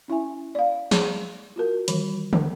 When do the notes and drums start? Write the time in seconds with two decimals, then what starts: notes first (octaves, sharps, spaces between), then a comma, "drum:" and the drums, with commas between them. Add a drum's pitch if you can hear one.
0.08 C#4 E4 E5 G#5
0.55 D5 F5
0.91 G#4, drum: snare
1.56 F4 F#4 A#4
1.88 D#3 E3 G3 B5, drum: hi-hat
2.33 drum: tom